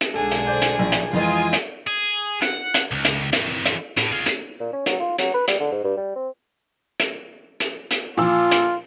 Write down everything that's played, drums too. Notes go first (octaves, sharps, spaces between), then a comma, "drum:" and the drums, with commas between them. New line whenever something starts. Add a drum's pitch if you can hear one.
drum: hi-hat
B1 D3 G#3 D4 G#4 A4
drum: hi-hat
C5 D5 G6
drum: hi-hat
A#1 D#3
drum: hi-hat
F2 E3 G#3 F4 G#5 D#6
drum: hi-hat
G#4
F#5, drum: hi-hat
drum: hi-hat
C#2
drum: hi-hat
E3 C4, drum: hi-hat
drum: hi-hat
A2, drum: hi-hat
F4 G#4
drum: hi-hat
A#2
C#4
F#3, drum: hi-hat
F4
F#3, drum: hi-hat
B4
G3, drum: hi-hat
D3
G#2
G2
G3
C4
drum: hi-hat
drum: hi-hat
drum: hi-hat
A#2 F3 F4 E6
drum: hi-hat